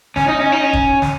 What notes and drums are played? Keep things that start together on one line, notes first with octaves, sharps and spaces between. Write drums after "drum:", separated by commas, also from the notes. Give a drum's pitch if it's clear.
C#4, drum: snare
D#4
C#4
D#4
C#4
drum: kick
drum: snare